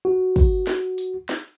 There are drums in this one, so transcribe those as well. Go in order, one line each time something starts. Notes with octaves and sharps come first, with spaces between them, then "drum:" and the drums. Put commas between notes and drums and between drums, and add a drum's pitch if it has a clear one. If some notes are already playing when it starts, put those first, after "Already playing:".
F#4
drum: kick, open hi-hat
drum: snare
drum: hi-hat
drum: snare